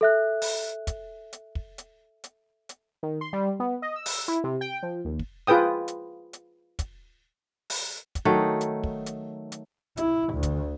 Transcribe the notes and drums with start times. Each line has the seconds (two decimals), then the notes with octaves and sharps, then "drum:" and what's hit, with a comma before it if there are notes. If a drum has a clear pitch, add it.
0.01 A4 E5 F#6
0.42 drum: open hi-hat
0.87 drum: kick, hi-hat
1.33 drum: hi-hat
1.55 drum: kick
1.78 drum: hi-hat
2.24 drum: hi-hat
2.69 drum: hi-hat
3.03 D#3
3.21 C6
3.33 G3
3.60 B3
3.82 D#5
3.96 E6
4.06 drum: open hi-hat
4.28 E4
4.44 C3
4.61 G5
4.83 F3
5.05 D#2
5.19 drum: kick
5.47 F4 G#4 B4 G5 D#6
5.88 drum: hi-hat
6.33 drum: hi-hat
6.79 drum: kick, hi-hat
7.70 drum: open hi-hat
8.15 drum: kick, hi-hat
8.25 D#3 F#3 A3 D#4
8.61 drum: hi-hat
8.84 drum: kick
9.06 drum: hi-hat
9.52 drum: hi-hat
9.97 E4, drum: hi-hat
10.34 D2
10.43 drum: kick, hi-hat